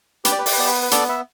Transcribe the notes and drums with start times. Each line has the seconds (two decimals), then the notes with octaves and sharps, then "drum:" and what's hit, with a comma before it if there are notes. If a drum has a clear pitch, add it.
0.25 G4 B4, drum: hi-hat
0.32 D5
0.39 B4
0.46 D5, drum: open hi-hat
0.53 B4
0.58 B3 D5
0.67 B4
0.82 B4
0.91 B3 A4 D5, drum: hi-hat
1.09 B4 E5